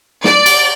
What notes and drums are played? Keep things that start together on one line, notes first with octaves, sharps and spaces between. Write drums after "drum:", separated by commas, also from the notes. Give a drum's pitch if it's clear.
D5, drum: snare
drum: cymbal